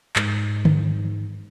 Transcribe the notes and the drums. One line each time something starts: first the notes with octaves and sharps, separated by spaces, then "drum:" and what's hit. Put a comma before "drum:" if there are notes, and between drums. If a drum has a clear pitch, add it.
G#2 G#3, drum: clap
drum: tom